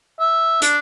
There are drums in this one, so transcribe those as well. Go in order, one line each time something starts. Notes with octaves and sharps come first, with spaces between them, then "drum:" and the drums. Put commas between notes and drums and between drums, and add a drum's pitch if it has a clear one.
E5
D4, drum: hi-hat